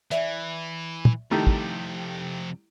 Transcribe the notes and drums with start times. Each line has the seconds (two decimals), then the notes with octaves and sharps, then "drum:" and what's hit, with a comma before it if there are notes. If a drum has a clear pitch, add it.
0.11 E3 D5 E5, drum: hi-hat
1.05 drum: tom
1.31 F2 C3 D#3 G3 A3 E4
1.47 drum: kick